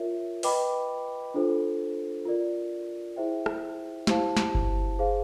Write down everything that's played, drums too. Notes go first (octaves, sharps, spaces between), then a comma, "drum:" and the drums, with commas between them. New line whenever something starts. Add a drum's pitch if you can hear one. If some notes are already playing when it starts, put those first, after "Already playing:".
Already playing: F4 A#4 C#5 E5
B4 D#5 G5 B5 D6, drum: open hi-hat
D4 F4 A4 C5
F4 A#4 D5
E4 G#4 C5 E5 G5
drum: rim click
E4 G4 C5 F5 A5, drum: snare
drum: snare
drum: kick G1
G#4 C5 F5